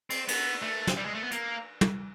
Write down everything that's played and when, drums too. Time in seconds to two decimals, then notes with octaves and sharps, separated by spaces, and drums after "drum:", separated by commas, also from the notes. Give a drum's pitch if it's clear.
0.10 C4, drum: cymbal
0.28 B3, drum: cymbal
0.62 A3
0.87 drum: snare
0.97 G3
1.05 G#3
1.15 A3
1.23 B3
1.31 A#3, drum: hi-hat
1.81 drum: tom